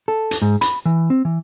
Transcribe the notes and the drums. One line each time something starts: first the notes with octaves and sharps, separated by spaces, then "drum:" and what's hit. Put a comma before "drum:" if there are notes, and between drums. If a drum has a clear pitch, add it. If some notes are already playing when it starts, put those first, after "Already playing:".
A4
drum: hi-hat
G#2
B5, drum: hi-hat
E3
C4
E3